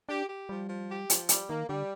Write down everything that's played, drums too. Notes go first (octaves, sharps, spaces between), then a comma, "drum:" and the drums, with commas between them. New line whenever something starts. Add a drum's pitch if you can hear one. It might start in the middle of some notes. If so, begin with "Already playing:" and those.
D4 G4
G4
F3 G3
F3
G4
F3, drum: hi-hat
G3, drum: hi-hat
D#3 A#3
D3 G3